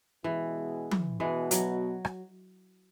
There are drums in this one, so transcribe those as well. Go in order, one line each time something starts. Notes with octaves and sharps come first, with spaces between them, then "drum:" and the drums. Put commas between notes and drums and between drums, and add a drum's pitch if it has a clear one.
B2 E3 G#3 B3 E4 G#4
drum: tom F3
B2 E3 G#3 B3 F#4
F#3, drum: hi-hat
drum: rim click